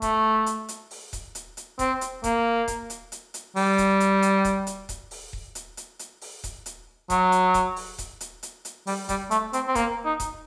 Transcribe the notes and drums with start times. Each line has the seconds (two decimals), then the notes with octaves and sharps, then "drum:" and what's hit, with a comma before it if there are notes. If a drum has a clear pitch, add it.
0.02 A3, drum: kick D#1, hi-hat
0.46 drum: hi-hat
0.68 drum: hi-hat
0.91 drum: open hi-hat
1.13 drum: kick D#1, hi-hat
1.35 drum: hi-hat
1.57 drum: hi-hat
1.79 C4, drum: kick D#1, hi-hat
2.01 drum: hi-hat
2.24 A#3, drum: kick D#1, hi-hat
2.68 drum: kick D#1, hi-hat
2.90 drum: hi-hat
3.12 drum: hi-hat
3.34 drum: hi-hat
3.56 G3, drum: open hi-hat
3.78 drum: kick D#1, hi-hat
4.00 drum: hi-hat
4.22 drum: hi-hat
4.45 drum: kick D#1, hi-hat
4.67 drum: hi-hat
4.89 drum: kick D#1, hi-hat
5.11 drum: open hi-hat
5.33 drum: kick D#1
5.55 drum: hi-hat
5.77 drum: hi-hat
5.99 drum: hi-hat
6.21 drum: open hi-hat
6.44 drum: kick D#1, hi-hat
6.66 drum: hi-hat
7.10 F#3, drum: kick D#1, hi-hat
7.32 drum: hi-hat
7.54 drum: kick D#1, hi-hat
7.76 drum: open hi-hat
7.98 drum: kick D#1, hi-hat
8.21 drum: hi-hat
8.43 drum: hi-hat
8.65 drum: hi-hat
8.87 G3, drum: open hi-hat
9.09 G3, drum: kick D#1, hi-hat
9.31 A3, drum: hi-hat
9.53 C4, drum: hi-hat
9.68 C4
9.75 A#3, drum: kick D#1, hi-hat
10.05 D#4
10.20 drum: kick D#1, hi-hat